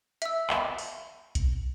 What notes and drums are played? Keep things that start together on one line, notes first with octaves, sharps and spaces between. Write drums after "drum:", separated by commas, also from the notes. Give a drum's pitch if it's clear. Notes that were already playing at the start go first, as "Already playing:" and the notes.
E5 E6, drum: hi-hat
drum: clap
drum: open hi-hat
drum: kick B1, hi-hat